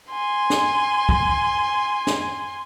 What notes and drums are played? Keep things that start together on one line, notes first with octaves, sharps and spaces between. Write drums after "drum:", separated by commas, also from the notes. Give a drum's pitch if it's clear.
G#5 C6
drum: snare
drum: kick
drum: snare